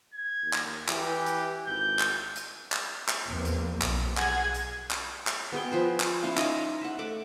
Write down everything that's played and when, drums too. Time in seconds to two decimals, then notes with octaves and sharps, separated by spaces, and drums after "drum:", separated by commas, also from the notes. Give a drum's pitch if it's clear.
0.14 G#6
0.43 D#2
0.53 drum: clap
0.88 E3 G4, drum: clap
1.26 drum: hi-hat
1.67 G#1 G6
1.99 drum: clap
2.36 drum: hi-hat
2.72 drum: clap
3.09 drum: clap
3.29 E2 F3 A#3 C4
3.45 drum: hi-hat
3.81 B1, drum: clap
4.17 G#4 F#5 G#6, drum: clap
4.54 drum: hi-hat
4.91 drum: clap
5.27 drum: clap
5.52 B3 G#4 G5
5.72 F3 B4 C5
6.00 drum: clap
6.23 C#4 E4 C5 F5
6.37 D#4 D#5 F5, drum: clap
6.81 E5 F#5
6.99 A3 F#5 D6